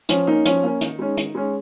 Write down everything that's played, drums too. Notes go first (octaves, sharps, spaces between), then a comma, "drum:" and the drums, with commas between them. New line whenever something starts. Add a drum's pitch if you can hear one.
F3 C#4, drum: hi-hat
A#3 C#4 D#4
F3 C#4, drum: hi-hat
A#3 C#4
D#3 D#4, drum: hi-hat
G#3 C#4
D#3, drum: hi-hat
G#3 C#4